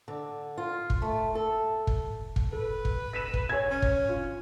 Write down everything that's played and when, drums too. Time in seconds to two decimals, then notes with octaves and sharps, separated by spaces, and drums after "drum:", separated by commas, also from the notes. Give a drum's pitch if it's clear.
0.08 D3
0.58 F4
0.90 drum: kick
1.02 A3
1.35 A4
1.87 drum: kick
2.36 drum: kick
2.52 A4 B4
2.85 drum: kick
3.13 B6 D#7 E7
3.34 drum: kick
3.49 C#5 G#5 G#6
3.70 C#4
3.82 drum: kick
4.09 F4